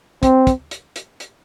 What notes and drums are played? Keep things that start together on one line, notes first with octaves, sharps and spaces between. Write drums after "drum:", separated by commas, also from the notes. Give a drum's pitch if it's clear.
C4, drum: kick, hi-hat
drum: kick, hi-hat
drum: hi-hat
drum: hi-hat
drum: hi-hat